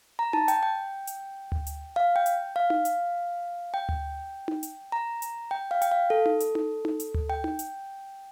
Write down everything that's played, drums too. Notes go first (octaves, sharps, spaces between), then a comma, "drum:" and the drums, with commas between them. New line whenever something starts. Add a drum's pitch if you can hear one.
A#5
A5, drum: tom D#4
G5, drum: hi-hat
G5
drum: hi-hat
drum: tom D2
drum: hi-hat
F5
G5
drum: hi-hat
F5
drum: tom D#4
drum: hi-hat
G5
drum: tom D2
drum: tom D#4
drum: hi-hat
A#5
drum: hi-hat
G5
F5
G5, drum: hi-hat
F5
A4
drum: tom D#4
drum: hi-hat
drum: tom D#4
drum: tom D#4
drum: hi-hat
drum: tom D2
G5
drum: tom D#4
drum: hi-hat